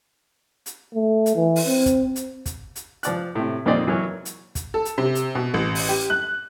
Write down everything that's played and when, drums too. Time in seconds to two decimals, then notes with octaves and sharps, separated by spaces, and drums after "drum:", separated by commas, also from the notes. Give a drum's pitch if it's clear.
0.66 drum: hi-hat
0.94 A3
1.26 drum: hi-hat
1.35 E3
1.56 drum: open hi-hat
1.67 C4
1.86 drum: kick, hi-hat
2.16 drum: hi-hat
2.46 drum: kick, hi-hat
2.76 drum: hi-hat
3.03 F3 D5 F#6, drum: hi-hat
3.35 A2 C3
3.66 F2 A#2 D#3 C4 D5 D#5
3.87 E3 F#3 A#4 C#5
4.25 drum: hi-hat
4.55 drum: kick, hi-hat
4.74 A4
4.85 drum: hi-hat
4.98 C3
5.15 drum: hi-hat
5.35 B2
5.54 A1
5.75 drum: open hi-hat
5.89 G4
6.10 F#6